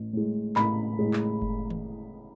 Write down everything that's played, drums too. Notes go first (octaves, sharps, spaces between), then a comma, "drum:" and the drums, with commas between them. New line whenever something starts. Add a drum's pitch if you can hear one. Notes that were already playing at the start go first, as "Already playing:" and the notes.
Already playing: A1
A2 G#3
A1 B5, drum: clap
A2 G#3
drum: clap
drum: kick F#1
drum: tom D#3